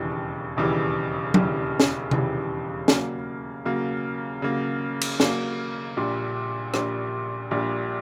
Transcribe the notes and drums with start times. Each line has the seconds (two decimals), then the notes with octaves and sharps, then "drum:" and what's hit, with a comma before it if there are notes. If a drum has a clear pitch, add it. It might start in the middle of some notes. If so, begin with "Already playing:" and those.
Already playing: E1 D#2 C#3 E3 G3
0.56 E1 D#2 C#3 E3 G3
1.34 E1 D#2 C#3 E3 G3, drum: tom F#3
1.80 drum: snare
2.11 E1 D#2 C#3 E3 G3, drum: tom
2.88 C#3 F#3 A#3, drum: snare
3.65 C#3 F#3 A#3
4.42 C#3 F#3 A#3
5.01 drum: cymbal
5.20 C#3 F#3 A#3, drum: snare
5.97 A#1 A#2 G3
6.74 A#1 A#2 G3, drum: rim click
7.51 A#1 A#2 G3